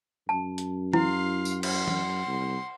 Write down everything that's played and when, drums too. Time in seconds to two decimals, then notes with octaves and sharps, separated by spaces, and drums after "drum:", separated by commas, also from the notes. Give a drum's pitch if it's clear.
0.29 F#2 A5
0.58 drum: hi-hat
0.93 E4 F5 C6, drum: tom
1.45 drum: tambourine
1.63 F#5 C6, drum: cymbal
1.88 drum: tom E3
2.26 C2